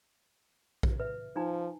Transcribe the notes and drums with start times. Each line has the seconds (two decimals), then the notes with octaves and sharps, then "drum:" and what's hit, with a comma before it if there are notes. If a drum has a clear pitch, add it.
0.83 drum: kick A#1
1.00 B4 E5
1.36 F3 D#4 G#5 A#5